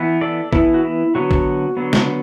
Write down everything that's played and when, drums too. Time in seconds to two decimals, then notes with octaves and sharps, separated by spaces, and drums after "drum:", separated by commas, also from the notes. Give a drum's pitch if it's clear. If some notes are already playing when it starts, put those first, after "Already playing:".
Already playing: E3 B3
0.21 A4 D5
0.53 E3 B3 E4 A4, drum: kick
0.74 F#4
0.84 E4
1.15 D3 F#3 B3 F#4
1.31 drum: kick
1.77 D3 F#3 B3
1.93 drum: snare